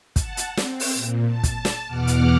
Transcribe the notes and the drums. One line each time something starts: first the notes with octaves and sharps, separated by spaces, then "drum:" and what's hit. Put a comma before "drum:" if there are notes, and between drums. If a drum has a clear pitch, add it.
F#5 A5, drum: kick, hi-hat
drum: hi-hat
C4, drum: snare
drum: open hi-hat
A#2
A5
drum: kick, hi-hat
drum: snare
E2 B2 F#5 D6 F6
drum: hi-hat